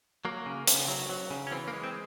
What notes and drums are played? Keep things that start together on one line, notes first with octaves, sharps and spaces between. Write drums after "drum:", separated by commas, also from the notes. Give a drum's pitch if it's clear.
F#3 A#3
C#3
C#3, drum: hi-hat
F#3
F#3
C#3
C#4
E3 C4
A#3
G#3
C4